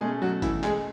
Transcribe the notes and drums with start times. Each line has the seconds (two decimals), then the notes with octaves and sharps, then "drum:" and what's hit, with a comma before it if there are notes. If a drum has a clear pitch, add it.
0.01 B2 G#3 A3 C#4 G#4
0.22 F#3 F#4
0.42 E3 E4, drum: kick, hi-hat
0.64 G#3 G#4, drum: clap